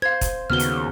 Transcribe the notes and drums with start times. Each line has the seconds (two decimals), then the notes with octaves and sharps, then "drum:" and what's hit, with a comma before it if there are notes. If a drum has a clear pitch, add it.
0.02 C5 F5 G#6
0.21 drum: kick, hi-hat
0.50 D#2 C#3 B3 F#4 F6 G7
0.59 drum: hi-hat